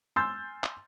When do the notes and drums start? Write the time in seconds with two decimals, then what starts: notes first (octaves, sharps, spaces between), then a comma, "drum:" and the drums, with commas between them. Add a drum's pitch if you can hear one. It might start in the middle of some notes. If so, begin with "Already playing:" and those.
0.16 G#5 C6 E6 F6 G6 A6
0.64 drum: clap